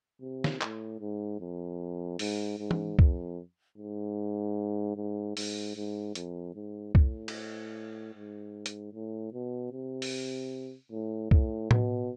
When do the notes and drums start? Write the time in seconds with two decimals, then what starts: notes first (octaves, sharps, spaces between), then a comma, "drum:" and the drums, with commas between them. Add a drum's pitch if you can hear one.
0.21 C3
0.44 drum: snare
0.61 A2, drum: clap
1.00 G#2
1.41 F2
2.19 G#2, drum: open hi-hat
2.59 G#2
2.71 drum: tom
2.99 F2, drum: kick
3.78 G#2
4.96 G#2
5.37 G#2, drum: open hi-hat
5.76 G#2
6.15 F2, drum: hi-hat
6.55 G#2
6.95 A2, drum: kick
7.28 drum: cymbal
8.14 G#2
8.66 drum: hi-hat
8.93 A2
9.33 B2
9.72 C3
10.02 drum: open hi-hat
10.91 A2
11.31 A2, drum: kick
11.71 B2, drum: tom A2